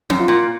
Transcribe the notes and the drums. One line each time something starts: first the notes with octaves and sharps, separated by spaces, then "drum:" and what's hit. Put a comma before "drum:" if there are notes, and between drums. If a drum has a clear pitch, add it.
F#2, drum: tom C4
F4
A#2